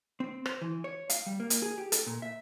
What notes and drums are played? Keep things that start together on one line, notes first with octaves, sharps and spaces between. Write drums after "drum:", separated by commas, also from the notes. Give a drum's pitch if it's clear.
C4
C5, drum: rim click
E3
C#5
F5, drum: hi-hat
G3
A#3
drum: hi-hat
G#4
G4
A4, drum: hi-hat
A#2
E5